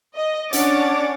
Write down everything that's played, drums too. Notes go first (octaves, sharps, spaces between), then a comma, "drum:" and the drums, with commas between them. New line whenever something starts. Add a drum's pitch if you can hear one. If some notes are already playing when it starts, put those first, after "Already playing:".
D#5
C#4 D4 C#5 F#5 D6 A6, drum: hi-hat